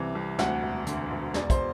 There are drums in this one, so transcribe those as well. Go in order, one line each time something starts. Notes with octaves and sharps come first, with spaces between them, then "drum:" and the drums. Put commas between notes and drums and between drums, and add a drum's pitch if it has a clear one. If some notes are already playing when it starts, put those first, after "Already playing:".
Already playing: C2 C3 E3
C2
D2 F#5, drum: snare
E1
D3, drum: hi-hat
E1
E2 D5, drum: snare
C5, drum: kick, hi-hat